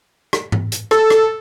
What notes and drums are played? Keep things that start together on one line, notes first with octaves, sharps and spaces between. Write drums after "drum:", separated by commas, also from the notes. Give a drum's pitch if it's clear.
drum: rim click
drum: tom G#2
drum: hi-hat
A4, drum: rim click
drum: rim click